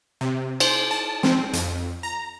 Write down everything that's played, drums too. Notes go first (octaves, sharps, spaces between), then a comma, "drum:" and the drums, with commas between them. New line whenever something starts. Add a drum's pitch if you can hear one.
C3
C5, drum: cymbal
A5
C4, drum: snare
F2, drum: hi-hat
A#5